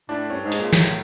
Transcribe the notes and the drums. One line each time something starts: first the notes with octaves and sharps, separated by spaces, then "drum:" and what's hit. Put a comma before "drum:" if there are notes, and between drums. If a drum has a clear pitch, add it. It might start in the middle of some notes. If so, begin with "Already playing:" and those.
A2 D4
G2 C#4
G#2
G#3, drum: hi-hat
A#2
A2 F#3, drum: snare